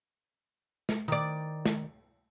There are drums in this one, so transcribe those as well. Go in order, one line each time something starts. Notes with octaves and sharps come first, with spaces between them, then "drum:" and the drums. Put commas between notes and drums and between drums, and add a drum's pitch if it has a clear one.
drum: snare
D#3 D5
drum: snare